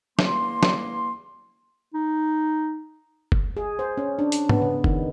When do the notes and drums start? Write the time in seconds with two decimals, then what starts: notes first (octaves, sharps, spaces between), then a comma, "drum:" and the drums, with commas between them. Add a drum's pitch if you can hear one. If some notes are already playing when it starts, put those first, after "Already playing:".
0.19 E2 A#3 C6, drum: snare
0.63 drum: snare
1.94 D#4
3.32 drum: kick F#1
3.57 G#4
3.79 C5
3.97 C#4
4.19 D4
4.32 drum: hi-hat
4.49 B3, drum: tom
4.62 C#3
4.84 D#3, drum: kick F#1